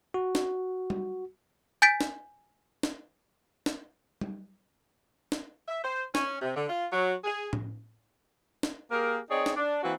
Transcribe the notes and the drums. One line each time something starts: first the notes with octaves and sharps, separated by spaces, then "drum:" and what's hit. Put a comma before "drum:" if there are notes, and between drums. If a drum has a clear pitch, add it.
F#4
drum: snare
drum: tom G3
G#5 G6 A6 B6 D7
drum: snare
drum: snare
drum: snare
drum: tom G3
drum: snare
E5
C5
C#4, drum: snare
C3
D3
F4
F#3
G#4
drum: tom A2
drum: snare
A#3 G4 G#4 A#4
C4 D#4 G#4 C#5 D5
drum: snare
D4
E3 A#3 C4 F#4 B4